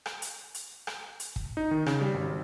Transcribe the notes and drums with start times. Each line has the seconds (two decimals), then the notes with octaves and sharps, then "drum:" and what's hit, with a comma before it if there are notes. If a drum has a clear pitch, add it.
0.06 drum: rim click
0.22 drum: hi-hat
0.54 drum: hi-hat
0.87 drum: rim click
1.20 drum: hi-hat
1.36 drum: kick
1.57 D#4
1.71 D#3
1.86 C#3, drum: rim click
2.01 G3
2.14 G#1